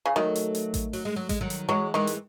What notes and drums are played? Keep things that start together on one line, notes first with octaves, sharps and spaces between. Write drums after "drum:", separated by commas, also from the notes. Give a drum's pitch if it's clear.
C#3
D#3 F#3 A3
drum: hi-hat
drum: hi-hat
drum: kick A1, hi-hat
F#3, drum: open hi-hat
G#3
F#3
G#3, drum: kick A1, hi-hat
D#3 F#3
drum: hi-hat
E3 F#3 G#3
D#3 E3 G#3
drum: hi-hat